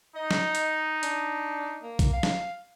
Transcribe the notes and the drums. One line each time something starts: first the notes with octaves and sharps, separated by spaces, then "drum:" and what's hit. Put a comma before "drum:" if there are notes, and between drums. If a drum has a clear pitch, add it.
D#4 D#5
drum: snare
drum: hi-hat
D4, drum: hi-hat
A#3
drum: kick B1, hi-hat
F5
drum: snare